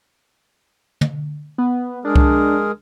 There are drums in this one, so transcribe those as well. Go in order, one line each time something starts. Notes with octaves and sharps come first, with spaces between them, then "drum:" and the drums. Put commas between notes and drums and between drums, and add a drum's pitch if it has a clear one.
drum: tom
B3
G#3 D4 G#4 A#4
drum: kick C2